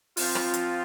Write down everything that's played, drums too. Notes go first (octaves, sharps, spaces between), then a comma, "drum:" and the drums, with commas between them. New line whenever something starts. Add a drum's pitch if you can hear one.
F3 C4 F4, drum: open hi-hat
drum: rim click
drum: hi-hat